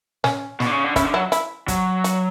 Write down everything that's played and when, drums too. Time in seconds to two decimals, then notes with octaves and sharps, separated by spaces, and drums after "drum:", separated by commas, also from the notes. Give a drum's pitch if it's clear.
0.24 C#4, drum: snare
0.60 B2, drum: snare
0.66 D3
0.71 C#3
0.84 D3
0.96 C#3 E4, drum: kick, hi-hat
1.05 D3
1.14 F#3 E4
1.32 E4, drum: hi-hat
1.68 F#3, drum: kick, hi-hat
2.04 F#4, drum: hi-hat